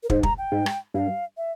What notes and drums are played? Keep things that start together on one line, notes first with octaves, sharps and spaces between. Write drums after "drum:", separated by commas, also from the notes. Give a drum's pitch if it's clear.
A#4
G#2 C5, drum: kick
A#5, drum: kick
G5
G#2
drum: rim click
G2 F5
E5